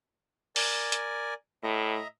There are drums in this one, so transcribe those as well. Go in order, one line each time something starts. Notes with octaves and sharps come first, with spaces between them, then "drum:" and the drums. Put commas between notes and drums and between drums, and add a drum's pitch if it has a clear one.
A#4 D5 G#5, drum: open hi-hat
drum: hi-hat
A2 D#5 E5 A#5